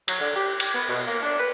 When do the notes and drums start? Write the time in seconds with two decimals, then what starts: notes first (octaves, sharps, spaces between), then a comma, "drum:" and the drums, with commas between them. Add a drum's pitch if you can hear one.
0.08 F#3, drum: cymbal
0.20 D3
0.34 G4
0.60 G4, drum: cymbal
0.74 B3
0.89 B2
1.07 A#3
1.22 D4
1.39 B4